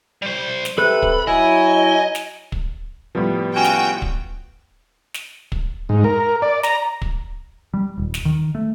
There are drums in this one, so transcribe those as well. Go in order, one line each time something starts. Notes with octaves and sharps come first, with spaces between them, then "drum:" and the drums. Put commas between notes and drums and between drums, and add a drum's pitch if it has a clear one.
G3 C5
drum: snare
C3 A4 B4 B5 F#6
drum: kick
F#3 E4 D#5 G#5
drum: snare
drum: kick
A2 C3 F3 G3 B3
C#4 F4 F#4 G5
drum: snare
drum: kick
drum: snare
drum: kick
G#2
A#4
D5
A#5, drum: snare
drum: kick
G3
D#1
drum: snare
D#3
A3